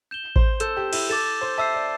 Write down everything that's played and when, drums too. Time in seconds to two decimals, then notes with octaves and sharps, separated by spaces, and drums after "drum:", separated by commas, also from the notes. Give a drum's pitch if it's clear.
0.11 G6 E7 G7
0.36 C5, drum: kick A1
0.60 A4 E6 G6 E7, drum: hi-hat
0.77 G4
0.93 E4, drum: cymbal
1.09 A4 D6 A6 E7
1.41 C5
1.58 E5 A5 E6 C7
1.74 D5